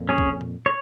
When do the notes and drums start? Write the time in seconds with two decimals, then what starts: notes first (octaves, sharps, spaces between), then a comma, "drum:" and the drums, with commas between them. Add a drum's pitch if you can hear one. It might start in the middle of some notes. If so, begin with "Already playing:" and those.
Already playing: F2 A#2
0.09 C#4 G#4 C#5
0.18 drum: kick
0.41 drum: tom A#2
0.66 C#5